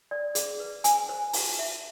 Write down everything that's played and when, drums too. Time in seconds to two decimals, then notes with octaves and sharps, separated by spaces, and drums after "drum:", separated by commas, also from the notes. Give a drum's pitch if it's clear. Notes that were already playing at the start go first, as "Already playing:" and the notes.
0.11 D5
0.35 G#4, drum: hi-hat
0.60 B4
0.84 G#5, drum: hi-hat
1.09 C5
1.33 A5, drum: open hi-hat
1.59 E5